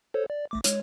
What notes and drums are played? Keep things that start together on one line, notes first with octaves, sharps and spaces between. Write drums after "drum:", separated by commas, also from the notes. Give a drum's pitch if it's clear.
A4 C5 C#5
D5
A#1 A3 D6
G#3 C#5, drum: hi-hat